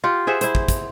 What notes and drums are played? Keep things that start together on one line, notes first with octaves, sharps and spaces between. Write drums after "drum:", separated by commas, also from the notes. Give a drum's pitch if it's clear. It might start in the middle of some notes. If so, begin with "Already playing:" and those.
F4 G4 F#5
G#4 C5 E5 F#5
E4 C5, drum: hi-hat
drum: kick
drum: kick, hi-hat